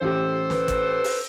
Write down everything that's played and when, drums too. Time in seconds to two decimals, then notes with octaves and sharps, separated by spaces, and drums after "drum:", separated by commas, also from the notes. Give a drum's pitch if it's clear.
0.01 A1 G4 A4 C5
0.50 B4, drum: snare
0.68 drum: kick, hi-hat
1.04 drum: open hi-hat